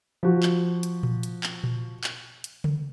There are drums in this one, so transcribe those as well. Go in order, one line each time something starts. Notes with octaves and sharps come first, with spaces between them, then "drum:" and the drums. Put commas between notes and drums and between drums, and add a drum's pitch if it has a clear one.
F3 F#4
drum: clap
drum: hi-hat
drum: tom A#2
drum: hi-hat
drum: clap
drum: tom A#2
drum: clap
drum: hi-hat
drum: tom C#3